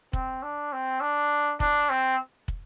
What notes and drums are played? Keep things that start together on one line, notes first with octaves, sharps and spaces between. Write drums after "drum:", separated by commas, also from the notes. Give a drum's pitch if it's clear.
C4, drum: kick
D4
C4
D4
D4, drum: kick
C4
drum: kick